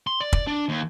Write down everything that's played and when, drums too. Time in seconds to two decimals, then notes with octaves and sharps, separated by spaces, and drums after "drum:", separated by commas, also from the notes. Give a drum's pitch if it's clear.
0.07 C6
0.21 D5
0.33 drum: kick
0.47 D4
0.69 D#2